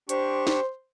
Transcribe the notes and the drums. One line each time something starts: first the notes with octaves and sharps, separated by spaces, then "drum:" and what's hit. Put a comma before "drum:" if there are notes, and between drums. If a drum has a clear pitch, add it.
D4 G4 C5 C#6, drum: hi-hat
drum: snare